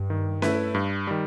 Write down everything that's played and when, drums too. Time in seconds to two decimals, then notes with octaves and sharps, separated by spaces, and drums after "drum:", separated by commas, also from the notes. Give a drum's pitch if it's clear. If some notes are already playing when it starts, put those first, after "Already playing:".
Already playing: G2
0.10 D#3
0.42 A3 E4 B4, drum: snare C#4
0.75 G2
1.07 D#3 G3